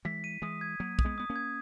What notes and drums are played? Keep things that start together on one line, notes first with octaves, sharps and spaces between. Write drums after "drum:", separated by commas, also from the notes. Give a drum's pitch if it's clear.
E3 G#3 B6
D#7
E3 G#3 D#6
G#6
F#3 A#3 D#7
D#6, drum: kick
G#3 B3
B3 D#6
A#3 C#4
G#6